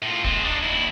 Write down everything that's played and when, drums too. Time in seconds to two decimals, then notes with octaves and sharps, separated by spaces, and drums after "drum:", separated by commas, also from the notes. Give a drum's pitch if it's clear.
0.02 A2 F4
0.24 G#3 C4, drum: kick D1
0.45 D4 D#4
0.63 D#2 E4